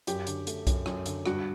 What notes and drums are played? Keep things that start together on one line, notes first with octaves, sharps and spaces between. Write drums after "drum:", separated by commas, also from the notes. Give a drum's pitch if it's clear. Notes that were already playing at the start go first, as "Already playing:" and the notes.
F#2 G4, drum: hi-hat
D3, drum: hi-hat
A3, drum: hi-hat
F#2, drum: kick B1, hi-hat
F#2, drum: rim click
D3, drum: hi-hat
G2 F#4, drum: rim click